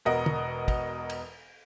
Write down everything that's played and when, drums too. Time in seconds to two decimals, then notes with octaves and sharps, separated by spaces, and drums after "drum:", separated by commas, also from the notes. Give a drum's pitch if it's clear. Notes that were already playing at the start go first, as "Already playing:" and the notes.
0.05 E1 B2 A#4 D#5 F#5
0.26 drum: tom
0.68 drum: kick, cymbal
1.10 drum: cymbal